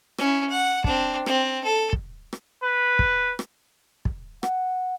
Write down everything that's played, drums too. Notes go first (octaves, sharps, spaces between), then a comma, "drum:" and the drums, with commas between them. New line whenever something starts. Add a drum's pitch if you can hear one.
C#4 E4, drum: rim click
F#5
C4 D4, drum: kick
C4, drum: rim click
A4
drum: kick
drum: rim click
B4
drum: kick
drum: rim click
drum: kick
F#5, drum: rim click